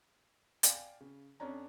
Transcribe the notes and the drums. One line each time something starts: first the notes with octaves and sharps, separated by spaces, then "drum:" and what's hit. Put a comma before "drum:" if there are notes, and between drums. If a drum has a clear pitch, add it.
D5 F5 G5 G#5, drum: hi-hat
C#3
F2 C#4 D4 C#5 A#5